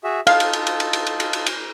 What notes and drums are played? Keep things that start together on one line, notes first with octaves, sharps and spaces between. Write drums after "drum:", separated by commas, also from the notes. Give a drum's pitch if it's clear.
F#4 G#4 E5
D#4 F4 A4 F5, drum: cymbal
drum: cymbal
drum: cymbal
drum: cymbal
drum: cymbal
drum: cymbal
drum: cymbal
drum: cymbal
drum: cymbal
drum: cymbal